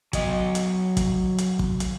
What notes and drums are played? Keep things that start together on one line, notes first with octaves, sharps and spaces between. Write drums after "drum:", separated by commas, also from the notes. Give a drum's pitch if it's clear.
F#3 D#5, drum: kick, hi-hat
drum: hi-hat
drum: kick, hi-hat
drum: hi-hat
drum: kick
drum: hi-hat